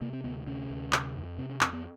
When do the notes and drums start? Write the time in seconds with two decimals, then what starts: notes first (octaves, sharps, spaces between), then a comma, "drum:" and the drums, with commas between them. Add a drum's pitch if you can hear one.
0.01 C3 A#3
0.13 C4
0.24 D2 B3
0.47 C3 C#4
0.70 D2
0.93 C3, drum: clap
1.15 F2
1.38 C3 C4
1.49 C#4
1.61 F2 C4, drum: clap
1.73 B3